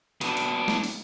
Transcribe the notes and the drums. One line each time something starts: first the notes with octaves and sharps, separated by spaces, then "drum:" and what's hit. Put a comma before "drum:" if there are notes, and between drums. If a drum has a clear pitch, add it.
B2 D4, drum: hi-hat
drum: hi-hat
drum: snare
drum: open hi-hat